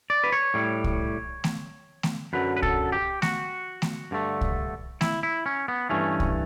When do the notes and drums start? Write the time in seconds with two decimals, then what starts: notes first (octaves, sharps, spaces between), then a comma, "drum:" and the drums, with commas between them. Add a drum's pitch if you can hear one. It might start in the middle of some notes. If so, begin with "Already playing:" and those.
0.10 D5
0.24 B4
0.32 C#5
0.54 A2 G3
0.84 drum: kick C2
1.44 drum: snare A3
2.03 drum: snare A3
2.33 F#2 D3 F#3 B4
2.57 B4
2.63 A4, drum: kick C2
2.92 G4
3.22 F#4, drum: snare A3
3.82 drum: snare A3
4.11 G2 D3 A3
4.41 drum: kick C2
5.01 E4, drum: snare A3
5.23 E4
5.46 C#4
5.68 B3
5.89 G2 E3 A3 C#4
6.20 drum: kick C2